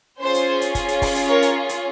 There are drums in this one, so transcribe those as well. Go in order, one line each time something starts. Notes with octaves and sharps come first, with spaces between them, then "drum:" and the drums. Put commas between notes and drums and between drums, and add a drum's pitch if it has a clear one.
C#4 F4 G#4 C5
drum: hi-hat
drum: hi-hat
drum: kick, hi-hat
drum: hi-hat
drum: kick, open hi-hat
drum: hi-hat
A#4 C#5
drum: hi-hat
drum: hi-hat